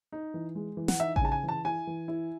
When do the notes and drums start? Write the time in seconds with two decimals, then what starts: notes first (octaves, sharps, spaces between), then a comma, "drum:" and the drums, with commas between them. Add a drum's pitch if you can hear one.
0.12 D#4
0.34 E3
0.55 G#3
0.77 E3
0.88 F#5, drum: snare
1.00 D#4 E5
1.16 G#5, drum: kick A1
1.21 C#3 A5
1.32 G#5
1.43 E3
1.49 A5
1.65 E4 G#5
1.87 E3
2.08 E4